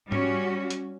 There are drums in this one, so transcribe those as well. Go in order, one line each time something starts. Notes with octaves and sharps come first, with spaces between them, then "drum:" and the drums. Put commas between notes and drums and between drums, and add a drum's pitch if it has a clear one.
G3 C#4 F#4, drum: tom G#2
drum: hi-hat